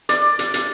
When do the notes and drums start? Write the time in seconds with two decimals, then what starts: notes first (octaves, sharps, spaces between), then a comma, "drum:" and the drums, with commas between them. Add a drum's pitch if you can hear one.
0.09 D5, drum: hi-hat
0.39 drum: hi-hat
0.54 drum: hi-hat